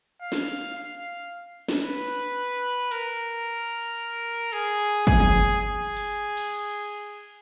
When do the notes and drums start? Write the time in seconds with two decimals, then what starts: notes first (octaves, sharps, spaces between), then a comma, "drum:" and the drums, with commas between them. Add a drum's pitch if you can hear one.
0.22 F5
0.32 drum: snare
0.76 F5
1.69 drum: snare
1.83 B4
2.91 A#4, drum: hi-hat
4.53 G#4, drum: hi-hat
5.07 G#4, drum: kick
5.20 drum: tom E3
5.61 G#4
5.97 drum: cymbal
6.37 drum: cymbal